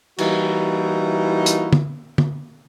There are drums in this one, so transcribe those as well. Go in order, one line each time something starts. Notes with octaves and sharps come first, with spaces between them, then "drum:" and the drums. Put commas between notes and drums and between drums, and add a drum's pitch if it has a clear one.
E3 G3 A#3 D#4 E4 F#4, drum: cymbal
drum: hi-hat
drum: tom
drum: tom